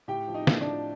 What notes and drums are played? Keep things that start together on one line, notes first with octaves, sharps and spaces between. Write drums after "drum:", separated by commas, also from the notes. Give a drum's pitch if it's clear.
A2 G4 G5
F3
D#4 D#5
A2, drum: snare
D4 D5
F3